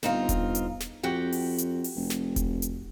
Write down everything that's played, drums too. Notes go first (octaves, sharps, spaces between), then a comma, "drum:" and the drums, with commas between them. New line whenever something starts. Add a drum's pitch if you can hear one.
G1 C4 D#4 F4, drum: snare
drum: kick E1, hi-hat
drum: hi-hat
drum: snare
F2 F#4 G4 G5
drum: open hi-hat
drum: hi-hat
drum: open hi-hat
F1
drum: snare
drum: kick E1, hi-hat
drum: hi-hat